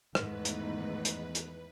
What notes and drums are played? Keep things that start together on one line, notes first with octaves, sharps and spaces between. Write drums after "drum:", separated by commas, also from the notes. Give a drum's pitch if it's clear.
E2 G#2 D#3 A3 D#4 B4, drum: rim click
drum: hi-hat
drum: hi-hat
drum: hi-hat